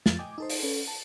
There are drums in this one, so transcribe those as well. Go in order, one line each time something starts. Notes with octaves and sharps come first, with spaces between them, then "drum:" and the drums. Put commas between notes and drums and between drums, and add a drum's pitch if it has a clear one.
F2 F3 A6, drum: snare
D#5 G5 G#5 D6
D#4 A4 C5
drum: open hi-hat
C#4 A4 B4
A5